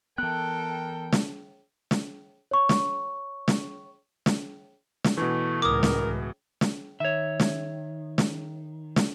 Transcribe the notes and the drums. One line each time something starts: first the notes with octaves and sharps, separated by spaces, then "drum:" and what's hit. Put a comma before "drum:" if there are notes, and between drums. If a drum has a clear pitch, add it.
E3 B3 A4 A#4 G5 F#6
drum: snare
drum: snare
C#5 C#6
drum: snare
drum: snare
drum: snare
drum: snare
B2 E3 A3
C#2 A2 A#4 D6 D#6
drum: snare
drum: snare
D#3 C#5 E5
drum: snare
drum: snare
drum: snare